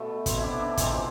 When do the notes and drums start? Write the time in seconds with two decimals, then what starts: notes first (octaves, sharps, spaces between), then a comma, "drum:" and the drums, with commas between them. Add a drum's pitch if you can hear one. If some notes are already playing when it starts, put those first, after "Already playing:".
Already playing: B2 A3 B4
0.26 B2 A3 C4, drum: kick, hi-hat
0.38 E4
0.43 D4
0.60 D4
0.77 C3 F3 G#3 C4, drum: kick, hi-hat